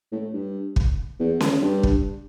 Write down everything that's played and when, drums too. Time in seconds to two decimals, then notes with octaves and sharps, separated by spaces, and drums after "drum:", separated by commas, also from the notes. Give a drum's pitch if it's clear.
0.12 A2
0.33 G2
0.76 drum: kick
1.19 E2
1.40 drum: snare C#4
1.62 G2
1.83 drum: kick